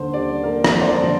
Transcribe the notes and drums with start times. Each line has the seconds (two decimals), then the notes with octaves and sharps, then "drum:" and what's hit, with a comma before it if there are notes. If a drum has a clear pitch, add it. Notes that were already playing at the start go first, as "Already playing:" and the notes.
Already playing: D#2 D3 C5
0.13 G3 D5
0.43 A#3 A#4
0.64 drum: rim click
0.74 F2 D5
0.82 C5
0.88 D5
1.04 D3 D5